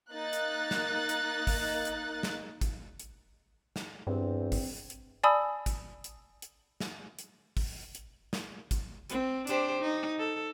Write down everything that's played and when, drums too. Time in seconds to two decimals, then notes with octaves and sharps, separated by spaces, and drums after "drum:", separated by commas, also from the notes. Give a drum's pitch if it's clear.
0.13 A#3 D#4 F#6 A6
0.33 drum: hi-hat
0.71 drum: snare
1.09 drum: hi-hat
1.47 drum: kick, open hi-hat
1.85 drum: hi-hat
2.23 drum: snare
2.61 drum: kick, hi-hat
3.00 drum: hi-hat
3.76 drum: snare
4.07 E2 G2 C4
4.52 drum: kick, open hi-hat
4.90 drum: hi-hat
5.24 D5 G#5 A5 B5 D#6 E6
5.66 drum: kick, hi-hat
6.04 drum: hi-hat
6.42 drum: hi-hat
6.80 drum: snare
7.19 drum: hi-hat
7.57 drum: kick, open hi-hat
7.95 drum: hi-hat
8.33 drum: snare
8.71 drum: kick, hi-hat
9.10 C4, drum: hi-hat
9.47 D4 G4 C5, drum: hi-hat
9.81 D#4
10.19 A4